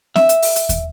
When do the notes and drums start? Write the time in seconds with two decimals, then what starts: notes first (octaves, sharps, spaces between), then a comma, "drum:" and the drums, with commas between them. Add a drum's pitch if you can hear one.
0.16 E5, drum: snare C4
0.29 drum: hi-hat
0.42 drum: open hi-hat
0.56 drum: hi-hat
0.69 drum: kick, hi-hat